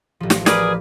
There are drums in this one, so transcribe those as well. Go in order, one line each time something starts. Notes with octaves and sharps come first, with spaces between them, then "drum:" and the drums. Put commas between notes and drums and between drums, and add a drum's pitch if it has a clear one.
A1 F3
drum: snare
G#4 A#4 B4 D5, drum: snare